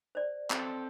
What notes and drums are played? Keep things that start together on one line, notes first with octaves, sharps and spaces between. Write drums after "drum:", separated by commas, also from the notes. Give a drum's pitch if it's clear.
C5 D5
C4 A4, drum: clap